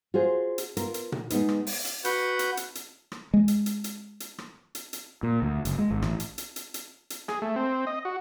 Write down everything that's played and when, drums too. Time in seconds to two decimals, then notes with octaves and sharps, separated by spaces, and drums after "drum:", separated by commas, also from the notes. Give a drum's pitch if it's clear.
0.14 F4 F#4 G#4 C5
0.58 drum: hi-hat
0.77 B3 F4 A#4, drum: hi-hat
0.94 drum: hi-hat
1.12 drum: tom A#2
1.30 G#3 B3 D#4 B4, drum: hi-hat
1.48 drum: rim click
1.67 drum: open hi-hat
1.85 drum: hi-hat
2.05 F#4 B4 F#5 G6, drum: hi-hat
2.39 drum: hi-hat
2.57 drum: hi-hat
2.75 drum: hi-hat
3.12 drum: rim click
3.34 G#3
3.48 drum: hi-hat
3.66 drum: hi-hat
3.84 drum: hi-hat
4.20 drum: hi-hat
4.38 drum: rim click
4.75 drum: hi-hat
4.93 drum: hi-hat
5.23 A#2
5.42 D2
5.65 F#1, drum: hi-hat
5.79 G#3
5.91 G#1
6.02 A1, drum: rim click
6.20 drum: hi-hat
6.38 drum: hi-hat
6.56 drum: hi-hat
6.74 drum: hi-hat
7.10 drum: hi-hat
7.28 G#4, drum: rim click
7.42 A3
7.56 C4
7.87 D#5
8.05 F#4